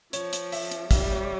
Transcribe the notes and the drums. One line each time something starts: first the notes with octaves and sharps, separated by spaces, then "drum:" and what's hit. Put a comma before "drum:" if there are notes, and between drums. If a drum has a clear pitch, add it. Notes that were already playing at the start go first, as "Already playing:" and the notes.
F3 C#5, drum: hi-hat
drum: hi-hat
E5, drum: open hi-hat
drum: hi-hat
G3 E5, drum: kick, hi-hat
C#5
C#5